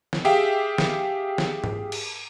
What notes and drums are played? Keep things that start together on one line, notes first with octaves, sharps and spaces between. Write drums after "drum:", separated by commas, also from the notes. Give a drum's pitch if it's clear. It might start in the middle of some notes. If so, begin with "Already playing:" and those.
drum: snare
G4 G#4 E5 F5 G5
drum: snare
drum: snare
drum: tom G#2
drum: cymbal